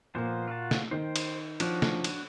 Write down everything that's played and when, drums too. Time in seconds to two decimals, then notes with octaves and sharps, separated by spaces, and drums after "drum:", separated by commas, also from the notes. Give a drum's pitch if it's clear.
0.15 A#2 F3 A#3 B3 C5
0.48 F4 F#4 A5
0.71 drum: snare
0.91 D#3 C5 G5
1.16 drum: cymbal
1.60 F3 D4 F#4 C#5, drum: cymbal
1.82 drum: snare
2.04 drum: cymbal